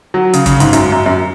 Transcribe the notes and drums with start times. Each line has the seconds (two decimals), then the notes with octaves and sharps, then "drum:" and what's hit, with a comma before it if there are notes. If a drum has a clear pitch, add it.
0.14 F#3
0.33 C#3, drum: hi-hat
0.46 C#3, drum: kick, hi-hat
0.60 G#2, drum: hi-hat
0.73 F#2, drum: hi-hat
0.92 F#2
1.06 F#2